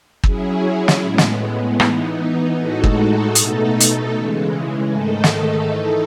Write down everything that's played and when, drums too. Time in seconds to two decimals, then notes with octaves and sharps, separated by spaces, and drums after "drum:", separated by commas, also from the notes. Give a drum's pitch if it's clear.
0.24 F#3 C#4 E4 G#4, drum: kick
0.88 drum: snare
1.02 A2 G#3 B3
1.18 drum: snare
1.80 E3 B3 D#4, drum: rim click
2.58 A2 G#3 D#4 F#4 A4
2.84 drum: kick
3.35 B2 A3 D#4 A4, drum: hi-hat
3.81 drum: hi-hat
4.14 C#3 E3 G#3
4.91 G#2 D#3 A3 D#4 A4
5.24 drum: snare
5.69 E3 A3 D#4 A4